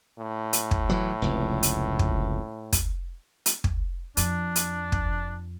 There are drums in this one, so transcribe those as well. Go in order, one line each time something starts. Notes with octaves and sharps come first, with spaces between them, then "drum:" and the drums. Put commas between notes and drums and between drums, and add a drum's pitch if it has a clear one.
A2
drum: hi-hat
drum: kick
E3 F#3
F1 C#2
drum: hi-hat
drum: kick
drum: kick, hi-hat
drum: hi-hat
drum: kick
F2 D4, drum: hi-hat
drum: hi-hat
drum: kick